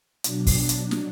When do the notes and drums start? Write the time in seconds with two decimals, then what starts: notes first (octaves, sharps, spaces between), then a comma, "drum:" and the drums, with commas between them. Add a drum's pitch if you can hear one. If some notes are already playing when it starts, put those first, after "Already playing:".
0.24 B2 F#3 D4, drum: hi-hat
0.47 drum: kick, open hi-hat
0.69 drum: hi-hat
0.91 drum: snare